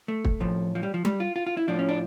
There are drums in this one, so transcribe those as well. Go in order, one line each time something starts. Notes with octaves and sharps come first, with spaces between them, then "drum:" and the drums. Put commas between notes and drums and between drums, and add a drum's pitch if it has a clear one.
A3
drum: kick
A2 F3
F3
G3
F3
G3, drum: tom G3
F4
F4
F4
E4
A2 F3 D4
C#4
D4